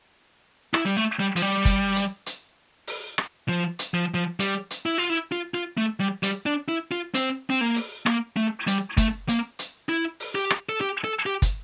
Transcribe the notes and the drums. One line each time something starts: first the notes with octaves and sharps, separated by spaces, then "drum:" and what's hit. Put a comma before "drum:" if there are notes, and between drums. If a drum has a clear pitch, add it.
E4, drum: rim click
G3
A3
G3
F3, drum: hi-hat
G3
drum: kick, hi-hat
drum: hi-hat
drum: hi-hat
drum: open hi-hat
drum: rim click
F3
drum: hi-hat
F3
F3
G3, drum: hi-hat
drum: hi-hat
E4
F4
E4
F4
F4
A3
G3
G3, drum: hi-hat
D4
E4
F4
C4, drum: hi-hat
C4
A#3
drum: open hi-hat
A#3, drum: rim click
A3
G3, drum: hi-hat
A3, drum: kick, hi-hat
A#3, drum: hi-hat
drum: hi-hat
E4
drum: open hi-hat
G4
drum: rim click
A4
G4
A4
G4
drum: kick, hi-hat